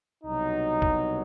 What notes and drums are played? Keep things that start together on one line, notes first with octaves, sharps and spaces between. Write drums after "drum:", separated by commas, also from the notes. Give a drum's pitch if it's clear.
C2 B2 F#3 D#4
drum: kick F#1